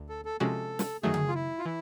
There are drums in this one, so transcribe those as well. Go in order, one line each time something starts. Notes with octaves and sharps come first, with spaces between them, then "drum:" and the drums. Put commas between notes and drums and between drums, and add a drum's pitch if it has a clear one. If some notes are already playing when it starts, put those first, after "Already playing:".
Already playing: D2
A4
A4
C3 F3 G#3 C#4 F#4 A4
drum: snare
F#2 D#3 F#3 A3 G#4
drum: tom C#3
F4
E4
F4
E3 E4